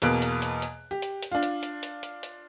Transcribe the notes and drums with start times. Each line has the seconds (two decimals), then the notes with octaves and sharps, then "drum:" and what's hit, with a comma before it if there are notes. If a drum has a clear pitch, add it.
0.02 E2 B2 A#3 F#6 D7, drum: hi-hat
0.22 drum: hi-hat
0.42 drum: hi-hat
0.62 drum: hi-hat
0.91 G4
1.02 drum: hi-hat
1.23 drum: hi-hat
1.32 D4 F4
1.43 drum: hi-hat
1.63 drum: hi-hat
1.83 drum: hi-hat
2.03 drum: hi-hat
2.23 drum: hi-hat